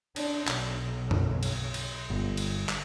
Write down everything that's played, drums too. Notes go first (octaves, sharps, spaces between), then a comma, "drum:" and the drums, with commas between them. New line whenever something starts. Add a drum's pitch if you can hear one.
D4, drum: cymbal
B1, drum: clap
drum: tom F#2
drum: cymbal
drum: cymbal
G1
drum: cymbal
drum: clap